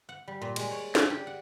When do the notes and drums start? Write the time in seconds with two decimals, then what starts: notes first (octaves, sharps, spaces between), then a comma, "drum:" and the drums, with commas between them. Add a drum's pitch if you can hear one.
0.09 F#5
0.28 G3
0.41 A#2
0.56 G#3, drum: cymbal
0.71 C#5
0.95 D5, drum: snare
1.10 G4
1.27 F#5